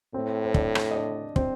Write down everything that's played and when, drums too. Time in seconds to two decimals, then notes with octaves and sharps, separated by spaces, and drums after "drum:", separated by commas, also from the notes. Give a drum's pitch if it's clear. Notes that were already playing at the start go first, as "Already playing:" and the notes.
0.14 A2 C4 C5
0.45 C5
0.54 D4 D5, drum: kick
0.75 drum: rim click
0.91 D#5
0.96 D4 D5
1.36 C4 C5, drum: kick